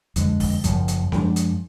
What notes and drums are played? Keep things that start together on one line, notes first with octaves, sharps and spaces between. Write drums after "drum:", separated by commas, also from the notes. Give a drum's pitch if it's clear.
F2 D3 G#3, drum: hi-hat
drum: kick, open hi-hat
F#1 F#2 F3, drum: hi-hat
drum: hi-hat
F#2 F3 G#3 D4, drum: snare C4
drum: hi-hat